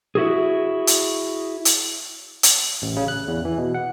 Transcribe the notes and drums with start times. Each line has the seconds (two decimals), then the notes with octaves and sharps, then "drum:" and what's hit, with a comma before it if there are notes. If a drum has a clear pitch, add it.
0.15 E4 F#4 G#4
0.87 drum: hi-hat
1.65 drum: hi-hat
2.43 drum: hi-hat
2.82 A1
2.96 C#3
3.08 F#6
3.28 E2
3.45 E3
3.58 B2
3.74 F#5